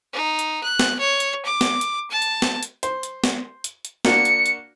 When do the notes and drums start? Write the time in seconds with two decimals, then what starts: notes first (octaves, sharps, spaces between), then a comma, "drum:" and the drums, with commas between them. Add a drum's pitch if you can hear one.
0.13 D#4
0.39 drum: hi-hat
0.63 F#6
0.80 drum: snare
0.99 C#5
1.20 drum: hi-hat
1.45 D6
1.61 drum: snare
1.81 drum: hi-hat
2.10 A5
2.22 drum: hi-hat
2.42 drum: snare
2.63 drum: hi-hat
2.83 C5, drum: hi-hat
3.03 drum: hi-hat
3.24 drum: snare
3.64 drum: hi-hat
3.85 drum: hi-hat
4.05 A#3 D4 F#4 C#7, drum: snare
4.25 drum: hi-hat
4.46 drum: hi-hat